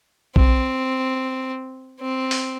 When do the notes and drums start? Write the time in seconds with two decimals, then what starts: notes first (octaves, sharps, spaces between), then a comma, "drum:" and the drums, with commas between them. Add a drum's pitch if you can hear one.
0.36 C4, drum: kick B1
2.00 C4
2.31 drum: open hi-hat